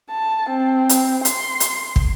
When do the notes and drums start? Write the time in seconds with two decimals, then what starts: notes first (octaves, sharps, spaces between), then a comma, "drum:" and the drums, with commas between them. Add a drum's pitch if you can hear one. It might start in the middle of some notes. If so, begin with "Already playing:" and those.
0.11 A5
0.50 C4
0.89 drum: hi-hat
1.25 C6, drum: hi-hat
1.60 drum: hi-hat
1.96 drum: kick